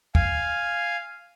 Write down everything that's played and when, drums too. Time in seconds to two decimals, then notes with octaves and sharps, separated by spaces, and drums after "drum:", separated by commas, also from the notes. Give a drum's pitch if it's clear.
0.15 F5 G#5, drum: kick